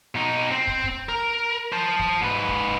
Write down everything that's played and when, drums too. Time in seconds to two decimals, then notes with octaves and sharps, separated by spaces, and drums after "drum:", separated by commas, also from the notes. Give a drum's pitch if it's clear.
0.15 B2 D#4
0.51 C4
0.67 drum: kick
0.84 drum: kick
1.09 A#4
1.72 C5 A5
1.99 drum: kick
2.21 G#2 B4
2.49 drum: kick